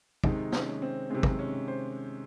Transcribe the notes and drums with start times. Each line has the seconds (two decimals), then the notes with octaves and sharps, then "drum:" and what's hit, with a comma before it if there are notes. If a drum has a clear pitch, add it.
0.24 C3 D#3 G#3 D#4, drum: kick
0.52 C#4, drum: snare
0.82 C4
1.10 C3 D#3 G#3 C4
1.23 drum: kick
1.39 C#4
1.68 C5